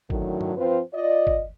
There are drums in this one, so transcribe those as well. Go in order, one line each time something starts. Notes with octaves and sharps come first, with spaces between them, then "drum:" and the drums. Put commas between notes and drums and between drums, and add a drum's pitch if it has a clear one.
F#2 A2 D3 D#3 F#3, drum: kick G#1
drum: tom G2
F3 C4 F4 B4 C5
F4 D5 D#5
drum: kick G#1